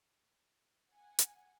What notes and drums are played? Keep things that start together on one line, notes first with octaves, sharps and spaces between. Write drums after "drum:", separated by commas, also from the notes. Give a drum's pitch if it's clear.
F#5 G#5
drum: hi-hat